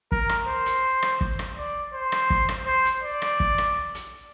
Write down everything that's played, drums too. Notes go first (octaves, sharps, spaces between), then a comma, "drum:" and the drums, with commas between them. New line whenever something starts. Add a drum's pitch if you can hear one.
A#4, drum: kick
drum: rim click
C5
drum: hi-hat
drum: rim click
drum: kick
drum: rim click
D5
C5
drum: rim click
drum: kick
drum: rim click
C5
drum: hi-hat
D5
drum: rim click
drum: kick
drum: rim click
drum: hi-hat